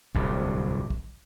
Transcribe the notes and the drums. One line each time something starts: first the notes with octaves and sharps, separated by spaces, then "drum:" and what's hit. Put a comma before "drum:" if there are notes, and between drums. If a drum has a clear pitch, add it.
D1 C2 G2, drum: kick
drum: kick